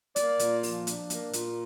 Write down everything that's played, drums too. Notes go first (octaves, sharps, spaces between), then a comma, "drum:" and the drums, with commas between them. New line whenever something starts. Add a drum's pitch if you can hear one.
A#3 D5, drum: hi-hat
A#2, drum: hi-hat
F3, drum: open hi-hat
D4, drum: hi-hat
A#3, drum: hi-hat
A#2, drum: hi-hat